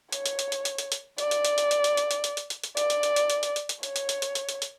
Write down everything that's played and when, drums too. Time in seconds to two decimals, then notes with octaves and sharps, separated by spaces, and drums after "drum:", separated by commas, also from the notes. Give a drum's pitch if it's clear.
0.12 C#5, drum: hi-hat
0.26 drum: hi-hat
0.39 drum: hi-hat
0.52 drum: hi-hat
0.65 drum: hi-hat
0.78 drum: hi-hat
0.92 drum: hi-hat
1.18 D5, drum: hi-hat
1.31 drum: hi-hat
1.45 drum: hi-hat
1.58 drum: hi-hat
1.71 drum: hi-hat
1.84 drum: hi-hat
1.97 drum: hi-hat
2.11 drum: hi-hat
2.24 drum: hi-hat
2.37 drum: hi-hat
2.50 drum: hi-hat
2.64 drum: hi-hat
2.77 D5, drum: hi-hat
2.90 drum: hi-hat
3.03 drum: hi-hat
3.16 drum: hi-hat
3.30 drum: hi-hat
3.43 drum: hi-hat
3.56 drum: hi-hat
3.69 drum: hi-hat
3.83 C#5, drum: hi-hat
3.96 drum: hi-hat
4.09 drum: hi-hat
4.22 drum: hi-hat
4.35 drum: hi-hat
4.49 drum: hi-hat
4.62 drum: hi-hat